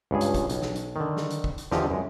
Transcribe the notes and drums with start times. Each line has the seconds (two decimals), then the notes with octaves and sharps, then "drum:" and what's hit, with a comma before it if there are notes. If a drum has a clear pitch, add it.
0.11 C#2 G2 G#4
0.21 drum: hi-hat
0.34 drum: kick, hi-hat
0.49 B1, drum: hi-hat
0.62 drum: snare
0.76 drum: hi-hat
0.96 D3 D#3
1.17 drum: snare
1.30 drum: hi-hat
1.44 drum: kick
1.58 drum: hi-hat
1.71 E2 D3 F3 G4 D#5, drum: snare
1.90 F#2 G#3